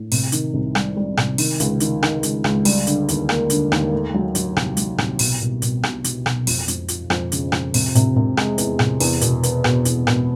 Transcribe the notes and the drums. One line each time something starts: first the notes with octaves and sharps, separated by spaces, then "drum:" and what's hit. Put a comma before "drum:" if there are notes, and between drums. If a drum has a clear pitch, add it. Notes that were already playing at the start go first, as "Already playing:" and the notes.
Already playing: A2
C3, drum: open hi-hat
D#3, drum: hi-hat
C2
G3, drum: rim click
G3
C3, drum: rim click
D#3, drum: open hi-hat
C#2, drum: hi-hat
D#3, drum: hi-hat
D#3, drum: rim click
C#2, drum: hi-hat
C#2, drum: rim click
G3, drum: open hi-hat
D3, drum: hi-hat
D#2, drum: hi-hat
A#3, drum: rim click
D3, drum: hi-hat
D#2, drum: rim click
A3
F#3
F#3, drum: hi-hat
C2, drum: rim click
F#3, drum: hi-hat
C2, drum: rim click
B2, drum: open hi-hat
B2
B2, drum: hi-hat
B1, drum: rim click
B1, drum: hi-hat
B1, drum: rim click
F2, drum: open hi-hat
F2, drum: hi-hat
F3, drum: hi-hat
F2, drum: rim click
C#3, drum: hi-hat
F2, drum: rim click
C3, drum: open hi-hat
C3, drum: hi-hat
C3
G#3, drum: rim click
E2, drum: hi-hat
C3, drum: rim click
E2, drum: open hi-hat
B2, drum: hi-hat
B3, drum: hi-hat
B2, drum: rim click
E2, drum: hi-hat
B2, drum: rim click